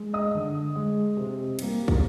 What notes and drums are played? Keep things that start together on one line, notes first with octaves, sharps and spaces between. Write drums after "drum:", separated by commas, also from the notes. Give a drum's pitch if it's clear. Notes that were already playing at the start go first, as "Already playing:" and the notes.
Already playing: G#3
D#5 D#6
D3
G#3
C3
G3 A#3, drum: cymbal
drum: kick